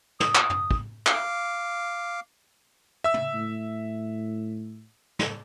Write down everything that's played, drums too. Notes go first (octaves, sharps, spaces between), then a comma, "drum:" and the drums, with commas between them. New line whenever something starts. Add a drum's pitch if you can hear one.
D#6, drum: snare
drum: clap
drum: tom
drum: kick
F5 D6, drum: clap
E5 E6
drum: tom
A2
drum: snare